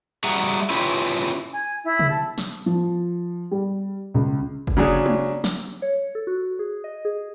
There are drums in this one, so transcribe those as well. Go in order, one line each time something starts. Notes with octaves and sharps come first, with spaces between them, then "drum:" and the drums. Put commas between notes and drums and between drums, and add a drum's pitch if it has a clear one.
G3 F#4 G#4 E5 F#5 A#5
C#4 E4 F4 G4 G#4 B4
G#5
E4
drum: tom C3
A5
drum: snare
F3
G3
C#2
drum: kick
C#3 F#3 D4 G#4
drum: tom G#3
drum: snare
C#5
A4
F#4
G#4
D#5
G#4